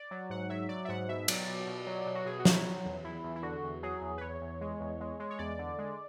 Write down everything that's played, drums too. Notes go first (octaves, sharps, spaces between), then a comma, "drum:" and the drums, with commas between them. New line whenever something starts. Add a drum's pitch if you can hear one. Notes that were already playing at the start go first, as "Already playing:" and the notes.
Already playing: D5
F#3
G#2 F#5
F#3 E5
F#3 D5
E5
G#2 F#5
B2 E5
F#3 D5, drum: cymbal
B2
B2
F#3
B2
F#4
B2 G#4
F#4
F#3, drum: snare
E4
F#3
E2
E2 E4
E2
E4
D3 F#4
E2
F#3 G#4
E2
B4
E2 C#5
E2
G#3
E2
G#3
G#3
C#5
E2 D5
D3
G#3